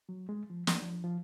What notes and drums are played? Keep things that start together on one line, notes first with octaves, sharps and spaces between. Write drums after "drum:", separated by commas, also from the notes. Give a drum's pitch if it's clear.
F#3
G#3
F3
A#3, drum: snare
F3
F3